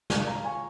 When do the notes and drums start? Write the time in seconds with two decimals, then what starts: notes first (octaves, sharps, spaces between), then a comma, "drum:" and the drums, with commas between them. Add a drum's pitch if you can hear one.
0.10 D#2 C#3 G#3 F4 F5, drum: snare
0.27 F5 A#5
0.44 G#5 C#6